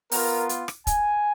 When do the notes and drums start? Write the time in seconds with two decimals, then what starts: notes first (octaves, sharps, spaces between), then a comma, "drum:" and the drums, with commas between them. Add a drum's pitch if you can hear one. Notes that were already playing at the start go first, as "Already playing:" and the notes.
0.12 B3 F4 A#4, drum: open hi-hat
0.49 drum: hi-hat
0.68 drum: rim click
0.87 G#5, drum: kick, hi-hat